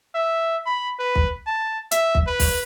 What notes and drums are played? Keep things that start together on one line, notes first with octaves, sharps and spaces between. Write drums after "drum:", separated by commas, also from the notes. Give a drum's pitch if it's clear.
E5
B5
B4
drum: kick
A5
E5, drum: hi-hat
drum: kick
B4
drum: kick, open hi-hat